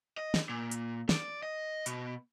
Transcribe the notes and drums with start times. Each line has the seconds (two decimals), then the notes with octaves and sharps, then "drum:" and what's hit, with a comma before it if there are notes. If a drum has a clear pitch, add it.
0.18 D#5
0.34 drum: snare
0.49 A#2
0.71 drum: hi-hat
1.09 D5, drum: snare
1.43 D#5
1.86 B2, drum: hi-hat